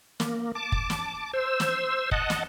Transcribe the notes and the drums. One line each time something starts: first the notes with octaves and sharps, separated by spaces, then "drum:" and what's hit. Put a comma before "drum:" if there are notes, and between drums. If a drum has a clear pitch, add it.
A#3, drum: snare
A5 D6
drum: kick
drum: snare
C5 E6
drum: snare
D#5 F#5 A5, drum: kick
drum: snare